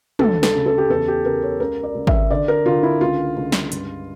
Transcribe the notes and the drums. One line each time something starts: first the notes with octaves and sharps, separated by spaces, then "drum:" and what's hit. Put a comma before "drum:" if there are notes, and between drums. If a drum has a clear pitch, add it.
D2 A4, drum: tom
A4, drum: snare
C#3
A4
G4
E2 A4
G4
C#3 A#4
C#5
C#2 A#4
D5
C#2
E5, drum: kick G#1
D3 D5
A#4
D3 F4
E4
C#2 F4
C#2
drum: snare
G2, drum: hi-hat